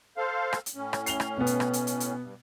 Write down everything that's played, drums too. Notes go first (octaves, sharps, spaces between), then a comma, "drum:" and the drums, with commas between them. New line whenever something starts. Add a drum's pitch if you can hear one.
A4 C5 F5
drum: rim click
drum: hi-hat
A2 C#4
drum: rim click
C7 F7 G7, drum: hi-hat
drum: rim click
B2 B3
drum: hi-hat
drum: rim click
drum: hi-hat
drum: hi-hat
drum: hi-hat
G2